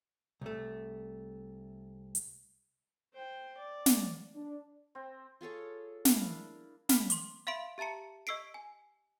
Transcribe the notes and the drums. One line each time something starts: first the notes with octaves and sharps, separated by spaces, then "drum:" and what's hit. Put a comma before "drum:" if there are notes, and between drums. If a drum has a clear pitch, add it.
C2 A3
drum: hi-hat
C5 G5
D5
drum: snare
D4
C4
F4 G#4 A4 C#5
D4 E4 A#4 F5, drum: snare
B5 D6 F6 B6, drum: snare
C6 D6, drum: hi-hat
E5 F5 B5 C6 D7
G4 E5 A5 A#5 C#7
D#5 C#6 E6 B6 C7 D7
G#5